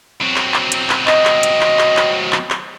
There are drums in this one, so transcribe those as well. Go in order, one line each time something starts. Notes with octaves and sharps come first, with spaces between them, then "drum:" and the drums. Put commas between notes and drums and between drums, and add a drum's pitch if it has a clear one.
F#3 C4
drum: clap
drum: clap
drum: hi-hat
drum: clap
D#5, drum: clap
drum: clap
drum: hi-hat
drum: clap
drum: clap
drum: clap
drum: clap
drum: clap